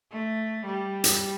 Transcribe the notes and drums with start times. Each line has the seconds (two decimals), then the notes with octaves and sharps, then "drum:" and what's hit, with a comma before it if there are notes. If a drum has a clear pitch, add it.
0.10 A3
0.65 G3
1.04 drum: hi-hat